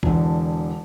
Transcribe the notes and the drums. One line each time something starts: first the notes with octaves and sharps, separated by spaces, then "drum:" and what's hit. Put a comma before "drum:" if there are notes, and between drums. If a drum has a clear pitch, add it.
E1 E2 D3, drum: kick